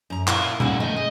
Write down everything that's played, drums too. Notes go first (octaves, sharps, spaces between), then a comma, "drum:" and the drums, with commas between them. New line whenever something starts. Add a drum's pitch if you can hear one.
F#2 A#5
E4 F4 A#4, drum: clap
D2 A2 C#3 E4 F#4, drum: tom B2
A3 D#4 G5
G#3 D#5